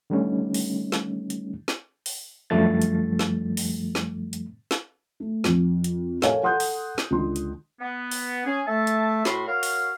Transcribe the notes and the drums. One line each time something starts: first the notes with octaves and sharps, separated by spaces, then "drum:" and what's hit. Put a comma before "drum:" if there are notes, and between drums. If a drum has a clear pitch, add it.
D3 D#3 G3 A3 C#4 D#4
drum: open hi-hat
drum: snare
drum: hi-hat
drum: snare
drum: open hi-hat
F#2 D3 F3 G3 A3 A6
drum: hi-hat
drum: snare
drum: open hi-hat
drum: snare
drum: hi-hat
drum: snare
A3
F2, drum: snare
drum: hi-hat
A4 A#4 C#5 F5 G#5, drum: snare
A4 F#5 C6 D#6 F#6 G6
drum: open hi-hat
drum: snare
C#2 D3 C6
drum: hi-hat
B3
drum: open hi-hat
C#4 G#4
A3 E5 A5
drum: hi-hat
A2 F#4 B5 C6, drum: snare
F#4 A#4 C#5 F5
drum: open hi-hat